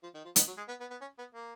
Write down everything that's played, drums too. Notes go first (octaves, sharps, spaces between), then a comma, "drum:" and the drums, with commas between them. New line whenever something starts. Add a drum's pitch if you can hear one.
F3
D#3
F3
B3 D#4, drum: hi-hat
F#3
G#3
B3
B3
B3
C#4
B3
A#3